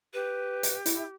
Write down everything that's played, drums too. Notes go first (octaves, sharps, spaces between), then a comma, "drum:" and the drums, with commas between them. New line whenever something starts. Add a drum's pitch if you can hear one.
G4 B4
drum: hi-hat
E4, drum: hi-hat